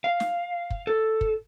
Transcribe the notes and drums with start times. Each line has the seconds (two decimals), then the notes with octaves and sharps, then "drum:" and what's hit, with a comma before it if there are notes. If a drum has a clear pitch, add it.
0.04 F5
0.20 drum: snare
0.70 drum: kick
0.87 A4
1.21 drum: kick